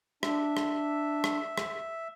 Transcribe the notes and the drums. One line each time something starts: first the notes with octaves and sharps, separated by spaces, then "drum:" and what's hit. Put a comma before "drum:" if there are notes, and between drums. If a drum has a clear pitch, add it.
D4 E5, drum: rim click
drum: rim click
drum: rim click
drum: rim click